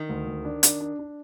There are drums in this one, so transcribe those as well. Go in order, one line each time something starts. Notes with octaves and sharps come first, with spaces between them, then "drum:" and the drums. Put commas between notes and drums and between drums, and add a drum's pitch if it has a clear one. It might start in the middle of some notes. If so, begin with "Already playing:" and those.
Already playing: D#3
D2
D2
D4
D4, drum: hi-hat
D4
D4